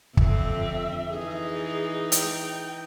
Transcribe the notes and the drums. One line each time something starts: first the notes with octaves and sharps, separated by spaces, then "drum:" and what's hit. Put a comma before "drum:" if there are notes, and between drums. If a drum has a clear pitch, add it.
F2 D3 C4 E5, drum: kick
E3 D#4 G#4
G5, drum: hi-hat